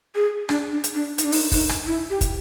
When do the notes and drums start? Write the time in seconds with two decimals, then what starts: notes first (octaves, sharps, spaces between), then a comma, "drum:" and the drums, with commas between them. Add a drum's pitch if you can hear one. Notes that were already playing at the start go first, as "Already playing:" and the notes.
0.15 G#4
0.49 D4, drum: rim click
0.72 D4
0.84 drum: hi-hat
0.95 D4
1.18 D#4, drum: hi-hat
1.25 D4
1.32 D#4, drum: open hi-hat
1.52 D#4, drum: kick, open hi-hat
1.69 drum: rim click
1.87 E4
2.10 G4
2.21 drum: kick, hi-hat